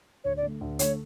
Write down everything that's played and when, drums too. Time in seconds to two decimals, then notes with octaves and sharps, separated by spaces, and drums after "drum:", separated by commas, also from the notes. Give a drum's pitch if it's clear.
0.24 D2 C#5
0.37 D5
0.42 D3 A3
0.61 D2
0.79 D3 A3 C#5, drum: hi-hat